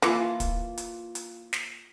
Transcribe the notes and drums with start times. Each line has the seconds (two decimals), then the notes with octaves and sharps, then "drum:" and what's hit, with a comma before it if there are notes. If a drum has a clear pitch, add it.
0.02 E3 A#3 F4 A5, drum: snare
0.40 drum: kick, hi-hat
0.78 drum: hi-hat
1.15 drum: hi-hat
1.53 drum: snare